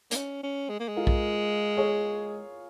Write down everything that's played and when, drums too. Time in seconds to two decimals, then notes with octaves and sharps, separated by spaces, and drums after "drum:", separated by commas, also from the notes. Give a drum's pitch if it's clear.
0.11 A#3, drum: hi-hat
0.16 C#4
0.43 C#4
0.70 G#3
0.80 A#3
0.88 G#3
0.96 F4 A#4
1.07 drum: kick B1
1.77 G#4 C#5